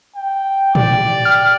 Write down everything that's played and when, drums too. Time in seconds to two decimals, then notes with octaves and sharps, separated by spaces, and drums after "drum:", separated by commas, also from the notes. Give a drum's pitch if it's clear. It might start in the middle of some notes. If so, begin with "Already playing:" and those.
0.15 G5
0.75 G4 D5, drum: tom A2
1.25 G5 F6